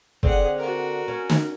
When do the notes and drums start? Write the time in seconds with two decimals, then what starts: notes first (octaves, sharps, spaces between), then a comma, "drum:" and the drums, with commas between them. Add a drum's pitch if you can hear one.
0.23 D3 C4 G#4 D5 F#5, drum: kick
0.58 F#4 A#4
1.08 C#4
1.29 drum: snare